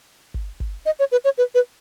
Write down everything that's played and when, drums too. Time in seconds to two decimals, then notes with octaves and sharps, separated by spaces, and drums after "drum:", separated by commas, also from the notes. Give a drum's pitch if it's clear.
0.34 drum: kick G1
0.60 drum: kick G1
0.86 D#5
0.99 C#5
1.12 B4
1.25 C#5
1.38 B4
1.55 B4